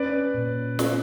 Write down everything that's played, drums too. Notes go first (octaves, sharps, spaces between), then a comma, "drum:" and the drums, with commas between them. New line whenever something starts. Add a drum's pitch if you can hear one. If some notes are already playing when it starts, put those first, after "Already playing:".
Already playing: C#4 B4 D5
A#2
C#4, drum: snare